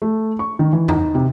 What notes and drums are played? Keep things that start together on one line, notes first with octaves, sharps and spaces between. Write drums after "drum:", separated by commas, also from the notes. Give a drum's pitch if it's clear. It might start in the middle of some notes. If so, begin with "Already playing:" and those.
A3
C#6
D#3
E3
D#4, drum: tom E2
C3